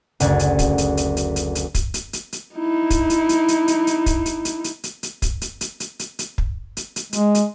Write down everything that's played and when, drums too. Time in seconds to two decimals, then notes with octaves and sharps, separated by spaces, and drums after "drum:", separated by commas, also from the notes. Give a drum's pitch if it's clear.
0.20 F#1 D2 G#6 A6, drum: hi-hat
0.39 drum: hi-hat
0.59 drum: kick, hi-hat
0.78 drum: hi-hat
0.97 drum: hi-hat
1.17 drum: hi-hat
1.36 drum: hi-hat
1.55 drum: hi-hat
1.75 drum: kick, hi-hat
1.94 drum: hi-hat
2.13 drum: hi-hat
2.33 drum: hi-hat
2.55 D#4 E4
2.90 drum: kick, hi-hat
3.10 drum: hi-hat
3.29 drum: hi-hat
3.48 drum: hi-hat
3.68 drum: hi-hat
3.87 drum: hi-hat
4.06 drum: kick, hi-hat
4.26 drum: hi-hat
4.45 drum: hi-hat
4.64 drum: hi-hat
4.84 drum: hi-hat
5.03 drum: hi-hat
5.22 drum: kick, hi-hat
5.41 drum: hi-hat
5.61 drum: hi-hat
5.80 drum: hi-hat
5.99 drum: hi-hat
6.19 drum: hi-hat
6.38 drum: kick
6.77 drum: hi-hat
6.96 drum: hi-hat
7.13 G#3, drum: hi-hat
7.35 drum: hi-hat